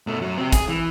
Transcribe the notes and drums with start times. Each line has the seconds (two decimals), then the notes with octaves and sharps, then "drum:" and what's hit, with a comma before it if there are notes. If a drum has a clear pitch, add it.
0.07 B2 A3
0.20 F#2 F#3
0.37 C4 G4
0.52 G#4, drum: kick, hi-hat
0.68 E3